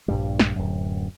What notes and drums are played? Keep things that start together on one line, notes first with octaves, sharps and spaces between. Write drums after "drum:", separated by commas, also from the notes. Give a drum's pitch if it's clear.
A#1 G2 G3
drum: snare
D1 F#2